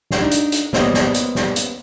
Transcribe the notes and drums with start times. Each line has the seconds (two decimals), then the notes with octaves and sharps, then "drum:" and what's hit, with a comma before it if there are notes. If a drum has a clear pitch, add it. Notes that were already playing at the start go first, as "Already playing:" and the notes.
0.11 drum: snare
0.21 D4 D#4
0.31 drum: hi-hat
0.52 drum: hi-hat
0.73 A#3 B3 C5 C#5 D#5, drum: snare
0.94 drum: snare
1.14 drum: hi-hat
1.35 drum: snare
1.56 drum: hi-hat